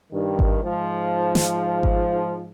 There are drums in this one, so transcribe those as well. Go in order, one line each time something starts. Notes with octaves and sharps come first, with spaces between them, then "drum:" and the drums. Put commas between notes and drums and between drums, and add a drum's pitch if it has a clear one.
G2 D#3
drum: kick G#1
G#2 F3
drum: snare
drum: kick G#1